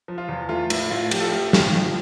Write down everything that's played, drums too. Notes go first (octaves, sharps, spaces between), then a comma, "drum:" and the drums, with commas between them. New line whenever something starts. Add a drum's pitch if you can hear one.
F3
F4
E2
A3 F4
A2 E4, drum: cymbal
A2 F4
F3 G4, drum: cymbal
A4
A3 G4
A2, drum: snare
F3